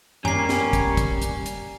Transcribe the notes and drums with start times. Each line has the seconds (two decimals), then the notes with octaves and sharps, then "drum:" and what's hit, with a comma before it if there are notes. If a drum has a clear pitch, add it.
0.25 G3 A#3 C#4 G#5 C7, drum: tom F#2
0.49 drum: snare
0.73 drum: kick, hi-hat
0.97 drum: kick, hi-hat
1.22 drum: hi-hat
1.46 drum: hi-hat